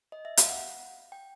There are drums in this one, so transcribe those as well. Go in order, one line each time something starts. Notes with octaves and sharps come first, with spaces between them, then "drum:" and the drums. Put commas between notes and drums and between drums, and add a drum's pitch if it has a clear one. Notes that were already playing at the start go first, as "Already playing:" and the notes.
D#5
E5
F5, drum: hi-hat
F#5
G5